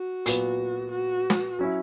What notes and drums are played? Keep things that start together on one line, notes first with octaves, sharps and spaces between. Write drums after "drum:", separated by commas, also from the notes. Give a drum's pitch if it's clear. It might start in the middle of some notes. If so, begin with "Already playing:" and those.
Already playing: F#4
A#2 F#3 B3, drum: hi-hat
F#4
drum: snare
F#3 C#4 E4